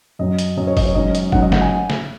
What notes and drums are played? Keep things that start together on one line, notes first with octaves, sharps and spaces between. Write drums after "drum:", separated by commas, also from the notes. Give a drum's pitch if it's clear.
F#2 F#3 C#4 D#5
drum: hi-hat
F#2 F#3 C#4 D#5
C#5
D#5, drum: kick F#1, open hi-hat
C#5
G#2 F#3 C#4 D#5
D#5, drum: hi-hat
G#2 F#3 C#4 F#5, drum: kick F#1
D#5
F#5, drum: snare
G#5
drum: snare